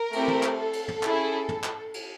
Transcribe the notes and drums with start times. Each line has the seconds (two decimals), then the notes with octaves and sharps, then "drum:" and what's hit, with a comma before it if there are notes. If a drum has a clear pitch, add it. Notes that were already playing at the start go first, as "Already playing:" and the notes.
Already playing: A#4
0.13 A3 C4 E4 G4, drum: cymbal
0.28 drum: tom
0.43 drum: clap
0.58 A4
0.73 drum: cymbal
0.88 drum: tom
1.03 C#4 E4 G#4, drum: clap
1.49 drum: tom
1.64 drum: clap
1.94 drum: cymbal